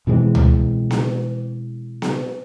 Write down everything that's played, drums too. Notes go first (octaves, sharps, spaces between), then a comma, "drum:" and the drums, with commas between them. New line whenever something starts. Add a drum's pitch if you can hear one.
B2 E3 G#3 C4
drum: tom C#2
drum: snare B3
drum: snare B3